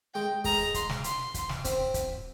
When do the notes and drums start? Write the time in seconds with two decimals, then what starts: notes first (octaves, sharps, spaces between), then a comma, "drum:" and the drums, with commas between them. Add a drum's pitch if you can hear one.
0.14 G#3 G5
0.44 G#3 A#5, drum: kick, open hi-hat
0.74 C6, drum: kick, hi-hat
0.89 drum: snare
1.04 C6, drum: hi-hat
1.34 drum: kick, hi-hat
1.49 drum: snare
1.65 C4, drum: kick, hi-hat
1.94 drum: kick, hi-hat